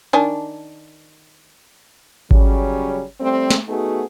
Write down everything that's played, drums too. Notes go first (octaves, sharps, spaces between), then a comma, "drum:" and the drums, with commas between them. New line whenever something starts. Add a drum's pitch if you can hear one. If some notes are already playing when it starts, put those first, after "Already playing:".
D#3 D4 G#5
C#3 F#3 G3 C#4, drum: kick G#1
G3 A3 C4
drum: snare
A3 B3 D#4 F#4 G#4